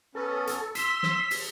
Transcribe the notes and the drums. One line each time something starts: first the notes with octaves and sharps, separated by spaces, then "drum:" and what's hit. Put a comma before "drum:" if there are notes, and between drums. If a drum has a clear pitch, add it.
B3 C#4 A4
drum: hi-hat
C6 E6 B6, drum: hi-hat
drum: snare
drum: open hi-hat